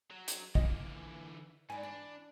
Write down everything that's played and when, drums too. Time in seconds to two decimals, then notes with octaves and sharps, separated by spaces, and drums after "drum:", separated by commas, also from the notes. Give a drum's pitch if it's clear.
0.11 F#3
0.28 drum: hi-hat
0.55 D3 E3 A#3 C#4 D#5, drum: kick
1.70 G#2 B4 D5 G#5
1.83 E3 D4